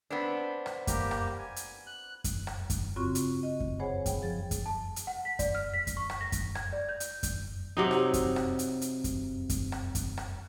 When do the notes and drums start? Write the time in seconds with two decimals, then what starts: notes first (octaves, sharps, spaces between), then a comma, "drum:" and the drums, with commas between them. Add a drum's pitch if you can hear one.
0.10 B3 C4 D4
0.66 drum: rim click
0.87 A#3 G4, drum: kick F#2, hi-hat
1.11 drum: rim click
1.39 G#5
1.56 drum: hi-hat
1.87 F#6
2.24 drum: kick F#2, hi-hat
2.47 drum: rim click
2.70 drum: kick F#2, hi-hat
2.96 G2 C#3 C4 F4 F#4 C#6
3.15 drum: hi-hat
3.43 D#5
3.60 drum: kick F#2
3.79 G#4 C5 C#5 F#5 G#5 B5
4.06 G5, drum: kick F#2, hi-hat
4.22 F3 G#4 A6
4.51 drum: kick F#2, hi-hat
4.66 A5
4.96 drum: hi-hat
5.07 F#5
5.25 B6
5.39 D5, drum: kick F#2, hi-hat
5.55 F6
5.74 B6
5.87 drum: kick F#2, hi-hat
5.97 C#6
6.10 drum: rim click
6.21 A#6
6.32 drum: kick F#2, hi-hat
6.55 G#6, drum: rim click
6.73 D5
6.89 G6
7.00 drum: hi-hat
7.23 drum: kick F#2, hi-hat
7.77 C3 F#3 D#4
7.91 drum: rim click
8.14 drum: kick F#2, hi-hat
8.36 drum: rim click
8.59 drum: hi-hat
8.82 drum: hi-hat
9.04 drum: kick F#2, hi-hat
9.49 drum: kick F#2, hi-hat
9.72 drum: rim click
9.95 drum: kick F#2, hi-hat
10.17 drum: rim click